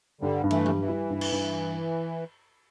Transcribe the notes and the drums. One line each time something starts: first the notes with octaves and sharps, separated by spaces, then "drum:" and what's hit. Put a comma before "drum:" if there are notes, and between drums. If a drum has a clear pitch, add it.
G2 D3 G3
G2
E3 A3, drum: cymbal
G3, drum: tom E3
E3
E4
G2
drum: cymbal
G2